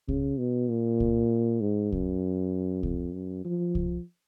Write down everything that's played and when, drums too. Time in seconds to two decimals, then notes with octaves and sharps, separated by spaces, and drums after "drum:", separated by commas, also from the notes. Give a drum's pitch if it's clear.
0.08 C#3, drum: kick C2
0.39 B2
0.70 A#2
1.00 drum: kick C2
1.61 G#2
1.92 F#2, drum: kick C2
2.83 F2, drum: kick C2
3.14 F#2
3.45 F3
3.75 drum: kick C2